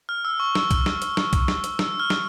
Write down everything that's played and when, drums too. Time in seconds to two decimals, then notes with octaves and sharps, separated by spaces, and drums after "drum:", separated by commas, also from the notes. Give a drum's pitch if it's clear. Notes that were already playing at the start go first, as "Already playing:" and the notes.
0.09 F6
0.25 E6
0.40 C#6
0.55 E6, drum: snare
0.71 drum: kick B1, hi-hat
0.86 drum: snare
1.02 drum: hi-hat
1.17 drum: snare
1.33 drum: kick B1, hi-hat
1.48 drum: snare
1.64 drum: hi-hat
1.79 E6, drum: snare
2.00 F6
2.10 drum: snare